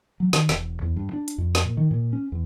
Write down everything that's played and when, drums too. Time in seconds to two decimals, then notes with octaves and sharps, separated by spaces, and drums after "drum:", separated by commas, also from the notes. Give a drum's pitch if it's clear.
0.20 F#3
0.33 D#3, drum: snare
0.49 E1, drum: snare
0.82 E2
0.96 G2
1.13 D4
1.28 drum: hi-hat
1.38 F2
1.55 drum: snare
1.65 A#2
1.77 D#3
1.91 A#2
2.13 C#4
2.32 E2